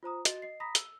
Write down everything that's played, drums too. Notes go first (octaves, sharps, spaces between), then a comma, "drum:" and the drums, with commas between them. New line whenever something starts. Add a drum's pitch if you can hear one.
F4 C5 A#5 D#6
F#4 D#5 A6, drum: hi-hat
D#5 C7
A#5 B5 D#6 A#6 B6
E6, drum: hi-hat